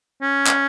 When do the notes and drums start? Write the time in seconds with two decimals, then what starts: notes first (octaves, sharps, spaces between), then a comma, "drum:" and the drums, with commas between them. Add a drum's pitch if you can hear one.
0.22 C#4
0.47 drum: clap